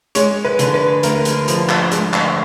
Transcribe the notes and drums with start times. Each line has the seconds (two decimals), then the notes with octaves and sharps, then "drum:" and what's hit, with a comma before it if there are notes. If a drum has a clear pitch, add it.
0.15 G#3 C#5, drum: hi-hat
0.45 B4
0.59 D3, drum: hi-hat
0.74 B4
1.03 D2 A#4, drum: hi-hat
1.25 drum: hi-hat
1.48 F3, drum: hi-hat
1.69 drum: clap
1.92 G#3, drum: hi-hat
2.13 drum: clap